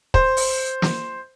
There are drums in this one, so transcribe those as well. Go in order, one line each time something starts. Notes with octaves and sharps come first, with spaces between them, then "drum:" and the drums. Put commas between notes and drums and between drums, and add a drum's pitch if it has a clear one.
C5, drum: kick
drum: open hi-hat
drum: snare